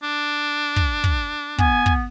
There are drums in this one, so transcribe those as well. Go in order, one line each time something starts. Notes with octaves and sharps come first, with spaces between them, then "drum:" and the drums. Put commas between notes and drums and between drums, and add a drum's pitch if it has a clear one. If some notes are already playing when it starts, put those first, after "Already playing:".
D4
drum: kick
drum: kick
B3 G#5, drum: kick
drum: kick